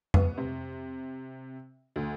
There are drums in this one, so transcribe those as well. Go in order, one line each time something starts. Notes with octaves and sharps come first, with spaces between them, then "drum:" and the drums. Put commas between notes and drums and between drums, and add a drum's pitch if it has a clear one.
B3, drum: tom F2
C3
D2